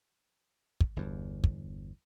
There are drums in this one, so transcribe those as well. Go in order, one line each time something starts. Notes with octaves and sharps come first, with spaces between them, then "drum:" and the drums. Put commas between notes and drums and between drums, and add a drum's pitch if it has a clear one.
drum: kick
G1 E2
drum: kick